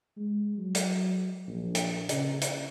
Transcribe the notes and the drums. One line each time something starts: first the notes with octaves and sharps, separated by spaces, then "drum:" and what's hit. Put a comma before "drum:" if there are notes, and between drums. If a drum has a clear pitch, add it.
G#3
F#3
drum: hi-hat
A#1
drum: hi-hat
C#3, drum: hi-hat
drum: hi-hat